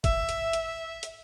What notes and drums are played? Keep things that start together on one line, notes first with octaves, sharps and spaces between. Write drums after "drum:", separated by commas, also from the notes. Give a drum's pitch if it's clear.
E5, drum: kick, hi-hat
drum: hi-hat
drum: hi-hat
drum: hi-hat